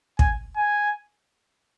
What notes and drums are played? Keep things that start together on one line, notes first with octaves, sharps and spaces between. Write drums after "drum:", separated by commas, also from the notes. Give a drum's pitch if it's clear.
G#5, drum: kick
G#5